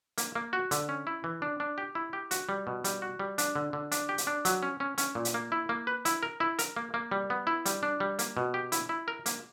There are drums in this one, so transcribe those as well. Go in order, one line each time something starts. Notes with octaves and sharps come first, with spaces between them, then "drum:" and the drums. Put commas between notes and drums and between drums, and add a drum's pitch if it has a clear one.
A#3, drum: hi-hat
A#3
F#4
D3, drum: hi-hat
C#4
E4
E3
D4
D4
G4
E4
G4
F#4, drum: hi-hat
G3
B2
G3, drum: hi-hat
F#4
G3
D4, drum: hi-hat
D3
D3
D4, drum: hi-hat
G4
drum: hi-hat
D4
F#3, drum: hi-hat
C#4
C#4
C#4, drum: hi-hat
A#2
drum: hi-hat
A#3
E4
A#3
B4
E4, drum: hi-hat
A#4
E4
A#4, drum: hi-hat
A#3
A#3
G3
B3
E4
G3, drum: hi-hat
D4
G3
A#3, drum: hi-hat
B2
G4
E4, drum: hi-hat
E4
A#4
A#3, drum: hi-hat